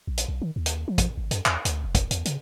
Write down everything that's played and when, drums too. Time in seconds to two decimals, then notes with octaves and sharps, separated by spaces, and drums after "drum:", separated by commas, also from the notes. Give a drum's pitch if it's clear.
0.07 A#1
0.18 drum: hi-hat
0.28 B1
0.42 D#3
0.56 D#2
0.66 drum: hi-hat
0.88 F3
0.98 drum: kick, hi-hat
1.17 G#1
1.31 F#2, drum: hi-hat
1.46 E2, drum: clap
1.65 D2, drum: hi-hat
1.84 F1
1.95 drum: kick, hi-hat
2.11 E2, drum: hi-hat
2.25 C#3, drum: hi-hat